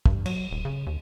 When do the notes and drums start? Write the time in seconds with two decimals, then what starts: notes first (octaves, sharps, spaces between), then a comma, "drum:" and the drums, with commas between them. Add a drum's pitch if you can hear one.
0.06 G2, drum: kick
0.26 F#3, drum: cymbal
0.51 D#1
0.65 C#3
0.87 D#2